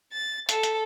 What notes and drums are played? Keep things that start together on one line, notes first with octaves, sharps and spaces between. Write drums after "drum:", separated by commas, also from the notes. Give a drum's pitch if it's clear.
A6
A4, drum: hi-hat
drum: hi-hat